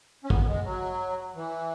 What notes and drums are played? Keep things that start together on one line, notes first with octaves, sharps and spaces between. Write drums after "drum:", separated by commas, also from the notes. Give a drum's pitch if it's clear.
C#4
B3, drum: kick
G#3
F#3
E3